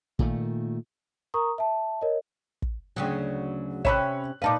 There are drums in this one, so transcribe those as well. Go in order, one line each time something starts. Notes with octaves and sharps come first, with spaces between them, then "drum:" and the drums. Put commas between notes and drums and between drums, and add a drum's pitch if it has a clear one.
A#2 D#3 A3, drum: kick
A#4 A#5 C#6 D#6
E5 A5
A#4 C#5 D#5
drum: kick
D2 C#3 F#3
C3 C#4 C#5 E5 B5 F#6, drum: kick
A#2 D#4 B4 F5 A5 D6